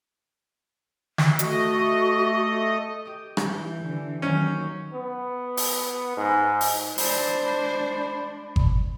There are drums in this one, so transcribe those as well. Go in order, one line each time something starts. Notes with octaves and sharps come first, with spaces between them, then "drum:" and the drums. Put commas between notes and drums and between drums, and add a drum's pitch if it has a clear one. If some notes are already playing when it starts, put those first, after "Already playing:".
drum: snare
A3 F#4 D#5, drum: hi-hat
G4 D#6
drum: rim click
E3 G6
D3 E3
D#3 F#3 A#3 C#4 G6
B3
drum: open hi-hat
G#2
drum: open hi-hat
G#3 D4 C5 B5, drum: open hi-hat
drum: kick G1